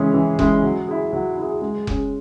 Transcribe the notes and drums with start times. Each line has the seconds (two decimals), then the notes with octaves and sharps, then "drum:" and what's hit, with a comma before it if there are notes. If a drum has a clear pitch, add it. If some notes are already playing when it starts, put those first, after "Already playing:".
Already playing: E3 G#3 C#4 E4 G#4
0.14 E3
0.39 G#3 C#4 E4 G#4, drum: kick F1
0.63 F#3
0.88 E4 G#4
1.13 F#3
1.37 E4 G#4
1.62 G#3
1.87 C#4 G#4, drum: kick F1